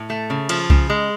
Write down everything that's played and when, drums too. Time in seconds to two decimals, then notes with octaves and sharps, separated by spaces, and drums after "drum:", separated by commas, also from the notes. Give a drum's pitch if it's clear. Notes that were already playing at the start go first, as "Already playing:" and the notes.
Already playing: A2
0.10 A3
0.30 C#3
0.49 F3, drum: cymbal
0.70 C#3, drum: kick C2
0.90 G#3